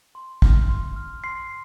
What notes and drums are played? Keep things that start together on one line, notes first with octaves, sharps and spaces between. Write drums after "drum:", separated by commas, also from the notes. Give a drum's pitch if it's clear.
C6
F6, drum: kick
C6
F6
C6 C7